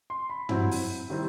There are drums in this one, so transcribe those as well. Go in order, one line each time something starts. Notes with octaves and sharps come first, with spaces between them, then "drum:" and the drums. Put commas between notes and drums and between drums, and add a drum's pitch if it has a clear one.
C6
B5
C3 F#3 C4 E4, drum: tom
drum: open hi-hat
C3 D#3 G3 C4 E4